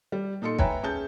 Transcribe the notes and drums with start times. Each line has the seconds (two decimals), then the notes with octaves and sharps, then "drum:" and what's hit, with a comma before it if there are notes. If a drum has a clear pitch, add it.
0.12 G3
0.42 A#2 D#4 A4 C6 C#7
0.59 B4 C#5 E5 G5 G#5 A#5, drum: kick
0.83 C#4 G#4 A5 G6